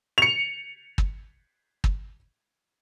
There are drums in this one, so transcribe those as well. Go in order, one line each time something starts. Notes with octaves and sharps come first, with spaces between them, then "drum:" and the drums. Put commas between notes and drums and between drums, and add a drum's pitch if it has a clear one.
C#7 F7
drum: kick
drum: kick